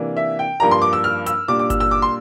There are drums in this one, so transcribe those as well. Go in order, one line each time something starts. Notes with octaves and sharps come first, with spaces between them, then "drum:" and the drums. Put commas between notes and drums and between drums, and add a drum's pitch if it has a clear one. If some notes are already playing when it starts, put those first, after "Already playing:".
Already playing: C3 E3 A#3 D4
E5
G5
G2 F3 A#3 D4 A#5
C6
D6
E6
F6
E6, drum: hi-hat
A#2 G3 D4 D6
D6
E6, drum: kick G1, hi-hat
E6
D6
C6